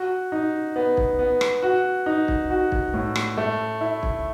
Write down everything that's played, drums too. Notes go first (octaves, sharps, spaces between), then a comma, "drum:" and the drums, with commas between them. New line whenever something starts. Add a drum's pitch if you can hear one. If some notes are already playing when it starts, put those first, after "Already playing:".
Already playing: F#4
D#4
B3
drum: kick
B3
drum: rim click
F#4
D#4
drum: kick
F#4
drum: kick
A2
drum: rim click
A3
E4
drum: kick